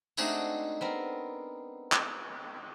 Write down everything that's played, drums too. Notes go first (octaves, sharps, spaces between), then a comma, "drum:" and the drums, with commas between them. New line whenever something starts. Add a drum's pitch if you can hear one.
G#3 A3 C4 D4 D#4 F#4, drum: tambourine
B3 C4 A#4
drum: clap